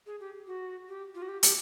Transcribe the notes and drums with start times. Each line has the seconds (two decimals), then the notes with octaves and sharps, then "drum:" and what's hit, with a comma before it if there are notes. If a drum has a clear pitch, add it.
0.06 G#4
0.20 G4
0.47 F#4
0.88 G4
1.15 F4
1.22 F#4
1.29 G4
1.43 G4, drum: hi-hat